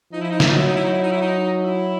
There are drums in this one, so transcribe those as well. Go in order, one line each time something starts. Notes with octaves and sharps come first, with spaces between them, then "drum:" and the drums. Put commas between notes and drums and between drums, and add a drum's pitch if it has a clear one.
F3 D#4
E4
D#4
E4, drum: snare
F#3 D#4
E4
D#4
E4
D#4
E4
D#4
E4
D#4
E4